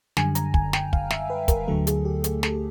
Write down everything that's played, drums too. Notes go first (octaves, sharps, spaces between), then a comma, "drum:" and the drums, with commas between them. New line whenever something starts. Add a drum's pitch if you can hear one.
F#2 D3 G3 G#5, drum: snare
A#5, drum: hi-hat
G#5, drum: kick
G5, drum: snare
F5, drum: kick
E5, drum: snare
B4
A#4, drum: kick, hi-hat
D2 D3 F#3 A3 A4
G#4, drum: hi-hat
G4
G#4, drum: hi-hat
A4, drum: snare